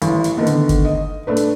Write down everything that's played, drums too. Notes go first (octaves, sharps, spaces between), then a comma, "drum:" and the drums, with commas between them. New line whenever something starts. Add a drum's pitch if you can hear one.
A1, drum: hi-hat
drum: hi-hat
D3 D#3 A3 B3
drum: hi-hat
drum: kick F#1, hi-hat
D#5
A3 D4 B4
drum: hi-hat